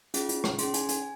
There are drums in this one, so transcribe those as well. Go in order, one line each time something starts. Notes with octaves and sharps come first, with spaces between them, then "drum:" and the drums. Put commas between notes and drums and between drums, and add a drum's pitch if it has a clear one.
C#4 F4 G#4, drum: hi-hat
drum: hi-hat
drum: rim click
C#4 G#4 C6, drum: hi-hat
G#5, drum: hi-hat
G#5, drum: hi-hat